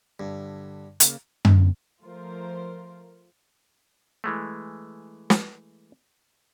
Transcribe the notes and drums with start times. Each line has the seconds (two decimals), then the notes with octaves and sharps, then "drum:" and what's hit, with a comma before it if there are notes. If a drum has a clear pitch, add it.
0.20 G2 D3
1.00 C#3 A#3, drum: hi-hat
1.45 drum: tom F#2
2.02 F3 A3 F4 A#4 C5
4.24 E3 G#3 A3
5.30 drum: snare